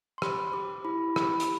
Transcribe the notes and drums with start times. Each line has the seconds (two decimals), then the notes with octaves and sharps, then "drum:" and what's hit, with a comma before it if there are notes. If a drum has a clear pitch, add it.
0.18 C6
0.22 G4 B5, drum: rim click
0.53 G4 D6
0.85 E4 B5
1.16 G4 B5, drum: rim click
1.40 drum: hi-hat